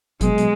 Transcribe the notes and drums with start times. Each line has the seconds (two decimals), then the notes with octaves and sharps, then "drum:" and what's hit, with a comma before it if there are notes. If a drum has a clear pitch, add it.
0.21 B2 F#3 G#3 B3, drum: kick G#1, hi-hat
0.38 drum: hi-hat